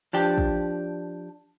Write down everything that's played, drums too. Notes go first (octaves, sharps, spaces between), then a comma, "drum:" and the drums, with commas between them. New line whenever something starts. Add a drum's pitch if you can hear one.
F3 D4 G4
drum: kick